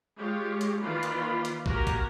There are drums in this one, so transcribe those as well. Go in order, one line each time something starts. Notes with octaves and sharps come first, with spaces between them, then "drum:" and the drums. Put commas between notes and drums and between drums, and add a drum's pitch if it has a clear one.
G#3 F4 G4 C#5
drum: hi-hat
D#3 E3 A#3 F4 D5 B5
drum: hi-hat
drum: hi-hat
A#3 F#4 G4 A#4 G#5 A#5, drum: kick
drum: kick, hi-hat